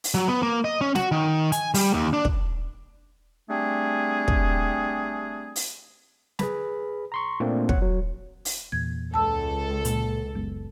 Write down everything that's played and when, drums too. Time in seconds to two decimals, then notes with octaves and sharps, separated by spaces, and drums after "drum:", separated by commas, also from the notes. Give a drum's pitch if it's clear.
0.04 drum: open hi-hat
0.14 F#3
0.28 B3
0.43 A#3
0.65 D#5
0.81 C#4
0.95 F#4, drum: snare
1.12 D#3
1.52 G#5, drum: hi-hat
1.74 G3, drum: open hi-hat
1.94 D#2
2.13 D4
2.25 drum: kick
3.50 G3 A3 C4 D4 G#4
4.28 drum: kick
5.56 drum: open hi-hat
6.39 G#4 B4 B5, drum: snare
7.12 A#5 C6 C#6
7.40 A#2 A3 A#3 C4 D4
7.69 C#5 F#5, drum: kick
7.82 F#3
8.45 drum: open hi-hat
8.72 E2 A#2 G#6
9.14 C#2 A4 A5 E6
9.85 A#2, drum: hi-hat
10.35 F#1 G#3 B3